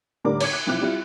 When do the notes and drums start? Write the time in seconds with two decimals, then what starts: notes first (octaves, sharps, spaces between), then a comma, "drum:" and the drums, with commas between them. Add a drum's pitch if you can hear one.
0.24 A2 D3 G3 D4 A#4 D6
0.40 C#5 D6 G#6, drum: cymbal
0.53 F#6
0.67 B1 F3 C4 E4 D6 F#6
0.81 G3 C4 E4 F4